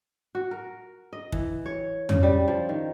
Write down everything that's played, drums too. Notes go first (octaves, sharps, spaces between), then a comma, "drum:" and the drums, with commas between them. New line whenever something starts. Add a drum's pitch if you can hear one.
F#4
A#4
D#5
E3, drum: kick
C#5
C#3, drum: tom
G3
F3
D#3